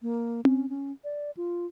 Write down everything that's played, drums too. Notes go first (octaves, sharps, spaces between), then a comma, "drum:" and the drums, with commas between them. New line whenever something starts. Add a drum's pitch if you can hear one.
A#3
C#4, drum: tom C4
C#4
D5
F4